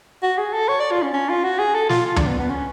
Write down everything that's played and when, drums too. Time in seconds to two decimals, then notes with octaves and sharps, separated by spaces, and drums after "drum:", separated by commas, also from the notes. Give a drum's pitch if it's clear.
0.23 F#4
0.38 G#4
0.53 A4
0.68 C#5
0.80 D5
0.91 F4
1.03 C#4
1.14 C#4
1.29 F4
1.44 F#4
1.59 G#4
1.75 A4
1.89 F4, drum: snare
2.05 F4
2.16 D4, drum: tom D2
2.27 B3
2.38 B3
2.50 C#4